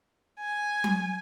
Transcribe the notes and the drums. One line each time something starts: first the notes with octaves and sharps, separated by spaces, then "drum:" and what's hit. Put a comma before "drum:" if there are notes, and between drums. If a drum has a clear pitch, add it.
G#5
drum: tom F#3